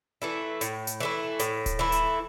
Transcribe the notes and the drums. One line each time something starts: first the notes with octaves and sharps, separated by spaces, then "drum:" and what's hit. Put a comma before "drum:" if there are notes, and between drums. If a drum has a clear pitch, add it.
E3 A3 E4
A2, drum: hi-hat
drum: hi-hat
E3 A3 E4
A2, drum: hi-hat
drum: kick D1, hi-hat
E3 A3 E4
drum: hi-hat